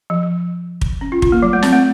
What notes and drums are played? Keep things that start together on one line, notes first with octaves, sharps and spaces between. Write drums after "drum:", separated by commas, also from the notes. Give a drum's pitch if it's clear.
F3
drum: kick
C#4
F4
F4, drum: kick
A#3
F#3
A3
C4, drum: snare
A3